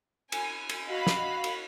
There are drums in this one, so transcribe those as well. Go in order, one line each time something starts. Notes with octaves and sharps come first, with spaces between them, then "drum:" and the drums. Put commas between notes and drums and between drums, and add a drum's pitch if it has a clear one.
G#5, drum: cymbal
drum: cymbal
F#4 D#5 F5 B5
drum: snare
drum: cymbal